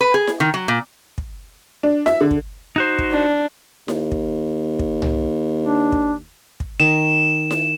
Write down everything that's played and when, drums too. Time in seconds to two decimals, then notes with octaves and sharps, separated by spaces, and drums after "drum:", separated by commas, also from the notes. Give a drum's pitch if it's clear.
0.01 B4
0.14 G#4
0.27 drum: snare E4
0.40 D#3
0.54 F#3
0.68 A#2
1.18 drum: kick
1.83 D4
2.06 E5, drum: snare E4
2.21 D3
2.31 drum: kick
2.76 D#4 F#4 C5
2.99 drum: kick
3.11 D4
3.88 D#2, drum: snare E4
4.12 drum: kick
4.79 drum: kick
5.02 drum: tom C2
5.63 D4
5.92 drum: kick
6.60 drum: kick
6.80 D#3 E7
7.51 drum: snare E4